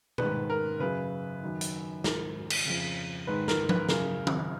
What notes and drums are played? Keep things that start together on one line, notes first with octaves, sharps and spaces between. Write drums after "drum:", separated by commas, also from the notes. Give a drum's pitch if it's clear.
G#2 D#3 B4, drum: tom B2
A#4
F#2 C#3 B4
F#2 D#3
drum: hi-hat
G#2 D#3 A#4, drum: snare
drum: cymbal
F2 C#3
G#2 D#3 B4
A#4, drum: snare
B4, drum: tom F3
F#2 C#3 A#4, drum: snare
drum: tom